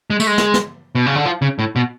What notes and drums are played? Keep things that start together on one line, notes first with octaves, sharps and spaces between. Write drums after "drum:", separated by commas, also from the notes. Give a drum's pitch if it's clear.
G#3
A3, drum: tambourine
G#3
drum: snare
drum: snare
B2
C#3
D3
F3
C#3
A2
B2